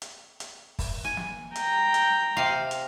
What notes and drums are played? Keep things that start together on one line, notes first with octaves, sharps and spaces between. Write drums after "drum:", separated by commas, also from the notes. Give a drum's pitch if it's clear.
drum: hi-hat
drum: hi-hat
drum: kick, open hi-hat
G#5
drum: snare
G5 A#5, drum: hi-hat
drum: hi-hat
C3 F5
drum: hi-hat